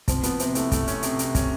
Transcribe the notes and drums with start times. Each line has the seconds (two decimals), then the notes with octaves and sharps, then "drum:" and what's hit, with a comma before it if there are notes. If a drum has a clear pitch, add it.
0.08 F3 C4, drum: kick, hi-hat
0.23 F3 B3, drum: hi-hat
0.39 C3 C4, drum: hi-hat
0.55 A3 E4, drum: hi-hat
0.72 A3, drum: kick, hi-hat
0.87 C#4, drum: hi-hat
1.03 C3, drum: hi-hat
1.19 C3, drum: hi-hat
1.35 C#4, drum: kick, hi-hat